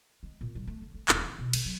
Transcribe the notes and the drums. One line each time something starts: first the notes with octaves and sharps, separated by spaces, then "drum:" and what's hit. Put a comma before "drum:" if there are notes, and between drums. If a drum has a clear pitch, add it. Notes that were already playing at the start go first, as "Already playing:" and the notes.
G#3
A#2
G3
A3
D3
A3
D#1, drum: clap
E3
B2
D3, drum: cymbal
F#3